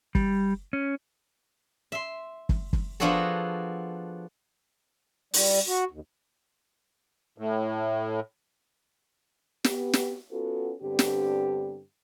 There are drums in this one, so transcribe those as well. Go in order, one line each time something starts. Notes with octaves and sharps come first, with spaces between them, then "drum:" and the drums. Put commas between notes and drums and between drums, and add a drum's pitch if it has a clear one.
G3, drum: kick F#1
C#4
E5 C6
drum: kick F#1
drum: kick F#1
F3 B3 D4 F#4 G#4 A4
G3, drum: open hi-hat
F#4
D#2
A2
B3 G4, drum: snare
drum: snare
B3 C#4 F4 F#4 A4
G2 D3 B3 C4 G4
drum: snare